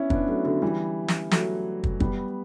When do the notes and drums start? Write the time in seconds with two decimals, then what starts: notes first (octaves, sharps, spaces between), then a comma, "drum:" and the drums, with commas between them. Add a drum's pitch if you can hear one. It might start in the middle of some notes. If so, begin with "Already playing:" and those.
Already playing: B3 C#4 D4 E4
0.10 B3 D4, drum: kick
0.28 F#3 A3
0.45 D3 F#3
0.62 E3 G3
1.08 drum: snare
1.31 F#3 A3, drum: snare
1.84 drum: kick
2.00 G3 B3, drum: kick